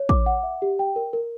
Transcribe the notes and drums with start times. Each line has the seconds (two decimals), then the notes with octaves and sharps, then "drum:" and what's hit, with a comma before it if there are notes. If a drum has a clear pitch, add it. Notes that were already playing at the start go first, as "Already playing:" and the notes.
Already playing: C#5
0.09 D6, drum: kick
0.26 F#5
0.43 E5
0.62 G4
0.79 G5
0.96 A#4
1.13 A#4